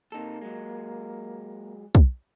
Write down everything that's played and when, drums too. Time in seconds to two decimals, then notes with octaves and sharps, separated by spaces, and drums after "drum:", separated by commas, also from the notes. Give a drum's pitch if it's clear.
0.12 C3 A#3 D#4 A4
0.41 F#3 G#3
1.95 drum: kick